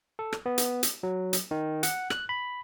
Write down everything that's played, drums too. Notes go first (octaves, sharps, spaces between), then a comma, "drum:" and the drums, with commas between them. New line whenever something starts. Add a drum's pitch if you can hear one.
A4
drum: rim click
B3
drum: hi-hat
drum: hi-hat
F#3
drum: hi-hat
D#3
F#5, drum: hi-hat
F#6, drum: rim click
B5